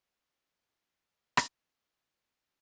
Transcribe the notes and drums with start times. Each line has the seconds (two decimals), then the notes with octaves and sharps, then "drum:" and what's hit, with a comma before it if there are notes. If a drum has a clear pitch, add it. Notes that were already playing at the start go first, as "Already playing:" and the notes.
1.37 drum: rim click
2.26 F#6